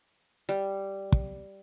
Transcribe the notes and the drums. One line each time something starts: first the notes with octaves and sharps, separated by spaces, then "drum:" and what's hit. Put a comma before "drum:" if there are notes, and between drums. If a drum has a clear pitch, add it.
G3
drum: kick